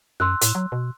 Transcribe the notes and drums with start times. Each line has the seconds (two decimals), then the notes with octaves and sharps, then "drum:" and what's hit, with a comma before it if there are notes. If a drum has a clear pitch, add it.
0.20 F#2 C6 E6 F#6
0.41 A2, drum: hi-hat
0.55 F#3
0.72 B2